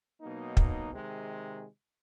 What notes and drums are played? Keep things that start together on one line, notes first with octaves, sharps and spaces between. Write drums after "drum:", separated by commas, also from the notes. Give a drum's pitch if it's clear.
B2 F#3 A#3 D#4
drum: kick
C3 D#3 G#3